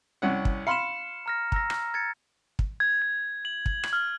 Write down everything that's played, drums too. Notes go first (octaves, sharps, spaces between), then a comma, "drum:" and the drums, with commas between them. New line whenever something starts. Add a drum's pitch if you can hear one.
C2 C#4 F#5
drum: kick
F5 B5 C6 C#7 E7
A#5 F6 A#6
A#5 E6 A#6, drum: kick
drum: rim click
G#6 A6 C#7
drum: kick
G#6
G#6
F#7
drum: kick
drum: rim click
F6